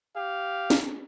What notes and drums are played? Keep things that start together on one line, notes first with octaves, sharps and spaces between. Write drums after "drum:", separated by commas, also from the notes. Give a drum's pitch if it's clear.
G4 F5
drum: snare